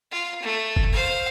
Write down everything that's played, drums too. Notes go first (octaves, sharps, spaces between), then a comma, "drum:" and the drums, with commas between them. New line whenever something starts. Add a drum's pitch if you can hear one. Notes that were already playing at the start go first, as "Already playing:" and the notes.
F4
A3
drum: kick F#1
C5 F5